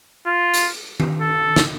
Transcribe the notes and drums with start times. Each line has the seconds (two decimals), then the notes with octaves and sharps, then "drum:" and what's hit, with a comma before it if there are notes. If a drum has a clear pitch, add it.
0.27 F4
0.54 drum: hi-hat
1.00 drum: tom D#3
1.21 A4
1.56 drum: snare